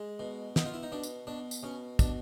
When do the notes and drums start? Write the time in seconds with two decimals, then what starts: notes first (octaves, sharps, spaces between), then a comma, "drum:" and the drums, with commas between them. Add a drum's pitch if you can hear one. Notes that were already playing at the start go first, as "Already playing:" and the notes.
Already playing: G#3
0.19 B2
0.56 B3 D#4, drum: snare
0.66 F4
0.74 E4
0.83 D#4
0.92 B2 D4
1.03 drum: tambourine
1.27 B2 D4
1.51 drum: tambourine
1.63 B2 C#4
1.99 B2 D4, drum: kick, tambourine